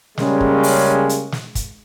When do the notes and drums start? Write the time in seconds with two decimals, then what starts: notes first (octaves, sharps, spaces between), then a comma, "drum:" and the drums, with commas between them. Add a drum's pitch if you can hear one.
0.18 C#3 G3 G#3 A#3 C#4, drum: snare
0.40 drum: kick
0.63 drum: open hi-hat
1.09 drum: hi-hat
1.32 drum: snare
1.55 drum: kick, hi-hat